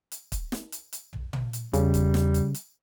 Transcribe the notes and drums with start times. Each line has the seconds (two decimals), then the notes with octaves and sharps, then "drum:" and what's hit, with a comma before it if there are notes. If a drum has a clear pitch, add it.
0.12 drum: hi-hat
0.32 drum: kick, hi-hat
0.52 drum: snare
0.72 drum: hi-hat
0.93 drum: hi-hat
1.13 drum: tom
1.33 drum: tom
1.53 drum: hi-hat
1.74 E2 C#3 G3, drum: hi-hat
1.94 drum: kick, hi-hat
2.14 drum: snare
2.34 drum: hi-hat
2.54 drum: hi-hat